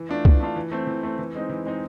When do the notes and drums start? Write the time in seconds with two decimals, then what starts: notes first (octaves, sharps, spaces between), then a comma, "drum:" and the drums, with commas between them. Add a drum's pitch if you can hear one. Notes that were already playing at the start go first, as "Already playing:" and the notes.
Already playing: E3
0.09 A3 D4 F4
0.25 E3, drum: kick
0.40 A3 D4 F4
0.56 E3
0.71 A3 C4
0.87 E3
1.03 A3 C4
1.19 E3
1.35 G#3 C4 D#4
1.50 E3
1.66 G#3 C4 D#4